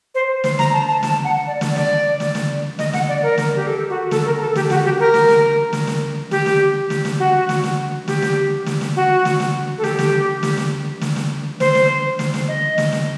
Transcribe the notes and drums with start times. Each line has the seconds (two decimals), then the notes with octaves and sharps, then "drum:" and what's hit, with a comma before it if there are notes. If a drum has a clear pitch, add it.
0.15 C5
0.44 C5, drum: snare
0.59 A#5, drum: snare
0.73 A5
0.88 A5
1.03 A5, drum: snare
1.24 F#5
1.47 D5
1.61 D5, drum: snare
1.76 D5, drum: snare
2.20 drum: snare
2.35 drum: snare
2.79 D#5, drum: snare
2.93 F#5, drum: snare
3.08 D5
3.23 A#4
3.38 drum: snare
3.56 G4
3.67 A4
3.90 F#4
4.11 A4, drum: snare
4.26 A#4
4.40 A4
4.55 G4, drum: snare
4.70 F#4, drum: snare
4.85 G4
4.99 A#4
5.14 drum: snare
5.29 drum: snare
5.73 drum: snare
5.87 drum: snare
6.31 G4, drum: snare
6.46 drum: snare
6.90 drum: snare
7.05 drum: snare
7.19 F#4
7.49 drum: snare
7.64 drum: snare
8.08 G4, drum: snare
8.22 drum: snare
8.66 drum: snare
8.81 drum: snare
8.96 F#4
9.25 drum: snare
9.40 drum: snare
9.78 A4
9.84 G4, drum: snare
9.99 drum: snare
10.43 drum: snare
10.57 drum: snare
11.01 drum: snare
11.16 drum: snare
11.60 C5, drum: snare
11.75 drum: snare
12.19 drum: snare
12.34 drum: snare
12.48 D#5
12.78 drum: snare
12.92 drum: snare